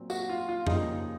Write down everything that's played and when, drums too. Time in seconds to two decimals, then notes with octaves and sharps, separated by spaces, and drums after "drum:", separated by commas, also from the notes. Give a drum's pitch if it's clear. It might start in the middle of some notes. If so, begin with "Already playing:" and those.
Already playing: A#2 F#3 C4
0.10 F#4, drum: tambourine
0.29 F4
0.49 F4
0.67 D#2 C#3 F3 D#4, drum: tom F2